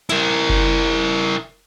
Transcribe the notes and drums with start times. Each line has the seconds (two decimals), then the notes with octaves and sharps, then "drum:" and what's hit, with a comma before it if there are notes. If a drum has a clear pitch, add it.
0.09 E4 A#4, drum: hi-hat
0.49 drum: kick F#1